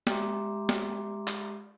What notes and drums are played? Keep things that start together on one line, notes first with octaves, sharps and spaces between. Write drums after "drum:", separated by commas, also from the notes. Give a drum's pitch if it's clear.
G#3 G4 E5 A#5 C6 D6, drum: snare
drum: snare
drum: clap